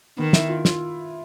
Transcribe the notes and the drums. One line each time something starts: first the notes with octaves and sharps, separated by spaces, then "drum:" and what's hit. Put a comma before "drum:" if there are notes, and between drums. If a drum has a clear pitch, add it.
D#3 B3
E4, drum: snare
F4
F4, drum: snare